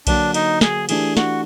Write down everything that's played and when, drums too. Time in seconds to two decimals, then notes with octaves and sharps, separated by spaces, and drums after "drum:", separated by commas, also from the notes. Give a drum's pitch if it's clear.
0.07 D3 F#3 A#3 D4, drum: kick B1, cymbal
0.34 D#4, drum: cymbal
0.61 G#4, drum: snare
0.89 E3 A3 D4 G4 G#4, drum: cymbal
1.17 F#4, drum: snare